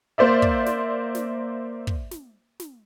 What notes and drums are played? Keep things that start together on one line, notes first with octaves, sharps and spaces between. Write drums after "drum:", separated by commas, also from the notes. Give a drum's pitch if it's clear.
A#3 C5 D5 E5
drum: kick
drum: snare
drum: snare
drum: kick
drum: snare
drum: snare